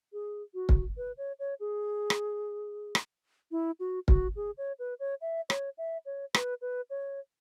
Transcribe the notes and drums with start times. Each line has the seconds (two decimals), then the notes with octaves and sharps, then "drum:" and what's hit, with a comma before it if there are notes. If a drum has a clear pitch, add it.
0.13 G#4
0.54 F#4
0.69 drum: kick
0.97 B4
1.18 C#5
1.39 C#5
1.60 G#4
2.10 drum: rim click
2.95 drum: rim click
3.51 E4
3.80 F#4
4.08 F#4, drum: kick
4.36 G#4
4.58 C#5
4.79 B4
5.00 C#5
5.21 E5
5.50 C#5, drum: rim click
5.78 E5
6.06 C#5
6.34 B4, drum: rim click
6.62 B4
6.90 C#5